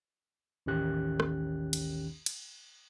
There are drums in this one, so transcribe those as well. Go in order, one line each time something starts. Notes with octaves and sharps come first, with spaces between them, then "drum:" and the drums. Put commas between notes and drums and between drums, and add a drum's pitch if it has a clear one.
A1 D#2 D#3 C#4 G4 F#6
drum: rim click
drum: cymbal
drum: cymbal